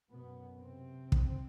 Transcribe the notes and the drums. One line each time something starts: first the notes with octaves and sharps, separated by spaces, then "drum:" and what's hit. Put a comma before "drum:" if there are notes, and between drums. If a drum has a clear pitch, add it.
F#2 B2 B3
C3 C4
drum: kick